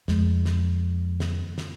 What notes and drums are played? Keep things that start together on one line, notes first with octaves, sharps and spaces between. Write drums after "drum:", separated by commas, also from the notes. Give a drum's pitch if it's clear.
F2 G#3, drum: snare
drum: snare
drum: snare
drum: snare